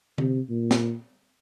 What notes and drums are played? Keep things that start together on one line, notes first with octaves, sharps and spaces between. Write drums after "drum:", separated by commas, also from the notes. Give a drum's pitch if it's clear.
C3, drum: tom D3
A#2
drum: snare